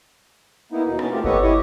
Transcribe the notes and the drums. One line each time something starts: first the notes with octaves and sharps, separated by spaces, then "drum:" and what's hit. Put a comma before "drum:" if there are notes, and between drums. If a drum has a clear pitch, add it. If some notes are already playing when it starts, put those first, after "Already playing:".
A#3 B3 D#4 E4
D#2 B2 D#4
B3 C#4 A5, drum: rim click
A3 A#3 C4 F4 G4
G4 A4 B4 C#5 D#5 F#5, drum: kick G1
E4 G4 C#5 D#5